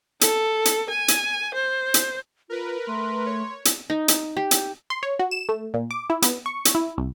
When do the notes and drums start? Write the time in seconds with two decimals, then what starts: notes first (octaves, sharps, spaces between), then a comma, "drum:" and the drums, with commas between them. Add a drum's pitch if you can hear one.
0.21 A4, drum: hi-hat
0.65 drum: hi-hat
0.90 G#5
1.08 drum: hi-hat
1.54 C5
1.94 drum: hi-hat
2.50 F4 A#4 B4
2.87 A3 C6
3.26 C#5
3.65 drum: hi-hat
3.90 D#4
4.08 drum: hi-hat
4.37 G4
4.51 drum: hi-hat
4.90 C6
5.03 C#5
5.19 F#4
5.31 E7
5.49 A3
5.74 A#2
5.91 D6
6.10 E4
6.22 B3, drum: hi-hat
6.46 C#6
6.65 drum: hi-hat
6.75 E4
6.98 C2